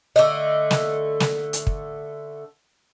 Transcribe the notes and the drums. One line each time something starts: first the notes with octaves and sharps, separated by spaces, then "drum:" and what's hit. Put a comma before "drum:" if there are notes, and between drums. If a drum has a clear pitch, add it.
D3 A3 D#5
drum: snare
drum: snare
drum: hi-hat
drum: kick